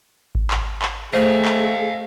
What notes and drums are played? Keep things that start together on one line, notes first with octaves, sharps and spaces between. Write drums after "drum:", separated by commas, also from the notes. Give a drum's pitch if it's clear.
drum: kick G#1
drum: clap
drum: clap
A3 G#4 A4 C5 D#5 F5
drum: clap